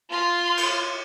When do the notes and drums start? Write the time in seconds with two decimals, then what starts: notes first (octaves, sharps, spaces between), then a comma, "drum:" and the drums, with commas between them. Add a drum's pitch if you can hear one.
0.11 F4 C6
0.57 drum: cymbal